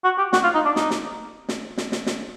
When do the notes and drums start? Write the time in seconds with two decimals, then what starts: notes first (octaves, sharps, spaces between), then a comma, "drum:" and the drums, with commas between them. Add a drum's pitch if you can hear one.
0.04 F#4
0.18 G4
0.33 F#4, drum: snare
0.44 F4
0.54 D#4
0.65 D4
0.76 D#4, drum: snare
0.91 drum: snare
1.49 drum: snare
1.78 drum: snare
1.92 drum: snare
2.06 drum: snare